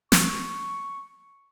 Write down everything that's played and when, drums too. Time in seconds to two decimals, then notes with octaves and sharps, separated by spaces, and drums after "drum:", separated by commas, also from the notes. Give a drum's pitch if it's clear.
0.12 C#6, drum: snare